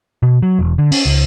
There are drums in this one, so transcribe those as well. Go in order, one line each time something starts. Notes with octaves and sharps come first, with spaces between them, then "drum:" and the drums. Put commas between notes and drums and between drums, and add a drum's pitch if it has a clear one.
B2
F#3
E1
D3
C#4, drum: open hi-hat
C#2